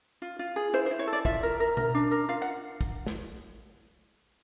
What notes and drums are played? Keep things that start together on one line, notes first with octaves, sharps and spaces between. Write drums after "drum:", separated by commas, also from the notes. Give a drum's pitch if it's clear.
F4
F4
G#4
E4 C5
C5
E4
C#5
A4
D5
F4 E5, drum: kick
A#4
A#4
A#4, drum: tom B2
D4
A#4
F4 F5
F#5
drum: kick
drum: snare